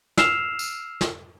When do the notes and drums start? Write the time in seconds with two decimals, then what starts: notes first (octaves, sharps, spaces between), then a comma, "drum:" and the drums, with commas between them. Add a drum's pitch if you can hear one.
0.18 E6 F6 C7 E7 F7, drum: snare
0.59 drum: tambourine
1.01 drum: snare